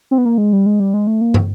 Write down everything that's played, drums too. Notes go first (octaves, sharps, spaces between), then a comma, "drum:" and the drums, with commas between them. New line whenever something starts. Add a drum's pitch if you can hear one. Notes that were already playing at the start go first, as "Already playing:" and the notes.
C4
B3
A#3
G#3
G3
G#3
G3
G#3
A3
A#3
drum: tom